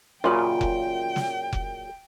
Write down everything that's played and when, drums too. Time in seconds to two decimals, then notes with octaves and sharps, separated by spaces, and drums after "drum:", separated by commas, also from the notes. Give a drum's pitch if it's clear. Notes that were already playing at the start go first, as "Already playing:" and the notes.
0.24 F#2 A#2 C#3 F4 G5 B5
0.61 drum: kick F1
1.16 drum: snare
1.53 drum: kick F1